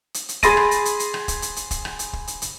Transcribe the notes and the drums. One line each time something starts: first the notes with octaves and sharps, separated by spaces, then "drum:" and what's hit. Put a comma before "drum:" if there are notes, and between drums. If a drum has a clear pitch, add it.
drum: hi-hat
drum: hi-hat
G#4 B5 C6 A6 A#6 D#7, drum: kick, hi-hat
drum: rim click
drum: hi-hat
drum: hi-hat
drum: hi-hat
drum: rim click
drum: kick, hi-hat
drum: hi-hat
drum: hi-hat
drum: kick, hi-hat
drum: rim click
drum: hi-hat
drum: kick
drum: hi-hat
drum: hi-hat